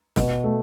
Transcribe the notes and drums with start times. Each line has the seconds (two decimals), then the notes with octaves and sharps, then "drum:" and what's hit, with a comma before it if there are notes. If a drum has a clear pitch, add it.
0.16 B2, drum: snare
0.44 A3